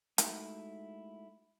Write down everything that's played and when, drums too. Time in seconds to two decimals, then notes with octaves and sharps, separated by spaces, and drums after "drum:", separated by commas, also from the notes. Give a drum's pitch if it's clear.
0.18 G#3 A3 D#4 E4 F#4, drum: hi-hat